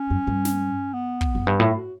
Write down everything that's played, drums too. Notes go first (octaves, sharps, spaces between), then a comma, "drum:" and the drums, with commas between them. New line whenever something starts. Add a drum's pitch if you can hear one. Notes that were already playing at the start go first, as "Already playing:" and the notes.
Already playing: C#4
F#2
G2
drum: snare
B3
drum: kick
F#2
G2
A2
F#4